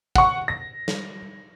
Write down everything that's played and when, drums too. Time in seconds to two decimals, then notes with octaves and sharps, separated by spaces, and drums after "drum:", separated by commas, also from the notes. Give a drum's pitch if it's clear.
0.16 F#5 C#6, drum: kick
0.48 A#6
0.88 drum: snare